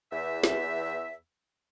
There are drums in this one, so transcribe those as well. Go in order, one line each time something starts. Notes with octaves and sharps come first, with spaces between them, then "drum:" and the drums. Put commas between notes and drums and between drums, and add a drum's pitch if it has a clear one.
E2 E5
drum: snare